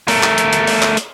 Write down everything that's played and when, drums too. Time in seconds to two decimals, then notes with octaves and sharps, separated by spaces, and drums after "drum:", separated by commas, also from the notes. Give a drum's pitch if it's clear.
0.08 A3 A#4, drum: open hi-hat
0.23 drum: clap
0.38 drum: hi-hat
0.53 drum: hi-hat
0.67 drum: open hi-hat
0.82 drum: clap
0.97 drum: hi-hat